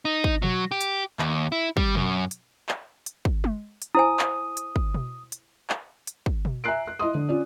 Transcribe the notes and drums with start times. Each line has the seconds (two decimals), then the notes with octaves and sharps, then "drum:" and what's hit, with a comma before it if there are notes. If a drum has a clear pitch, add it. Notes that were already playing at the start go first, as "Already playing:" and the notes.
0.05 D#4
0.24 drum: kick
0.42 F#3, drum: tom B2
0.71 G4
0.81 drum: hi-hat
1.19 D#2, drum: clap
1.52 E4
1.77 G3, drum: kick
1.95 F#2, drum: tom B2
2.31 drum: hi-hat
2.69 drum: clap
3.06 drum: hi-hat
3.25 drum: kick
3.44 drum: tom G#3
3.82 drum: hi-hat
3.95 E4 C5 G#5 D#6
4.19 drum: clap
4.57 drum: hi-hat
4.76 drum: kick
4.94 drum: tom B2
5.32 drum: hi-hat
5.70 drum: clap
6.07 drum: hi-hat
6.26 drum: kick
6.45 drum: tom B2
6.64 E5 G#5 A#5 F#6 C7 D7
6.87 F#6
6.99 E4 D#5 E5 C6 D#6
7.14 D3
7.29 C#4 F4 D5